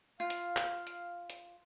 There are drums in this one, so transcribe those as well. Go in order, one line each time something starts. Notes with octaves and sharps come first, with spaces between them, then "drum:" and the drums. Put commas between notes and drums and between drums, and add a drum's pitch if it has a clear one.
F4 F5
drum: hi-hat
drum: clap
drum: hi-hat
drum: hi-hat